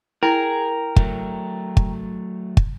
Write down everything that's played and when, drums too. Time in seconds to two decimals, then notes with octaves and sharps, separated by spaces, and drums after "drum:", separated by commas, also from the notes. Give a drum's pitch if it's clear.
0.23 E4 G#4 A#4 G5 A#5
0.96 F#3 A3, drum: kick
1.77 drum: kick
2.57 drum: kick